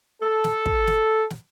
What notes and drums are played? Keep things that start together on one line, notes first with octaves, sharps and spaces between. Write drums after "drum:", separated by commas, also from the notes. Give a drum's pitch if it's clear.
A4
drum: snare
drum: kick
drum: snare
drum: snare